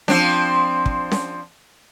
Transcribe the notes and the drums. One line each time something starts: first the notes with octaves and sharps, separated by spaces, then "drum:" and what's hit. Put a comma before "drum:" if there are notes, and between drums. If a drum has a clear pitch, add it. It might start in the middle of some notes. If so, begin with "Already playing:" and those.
F3 C4 D4, drum: snare C#4
drum: kick
drum: snare C#4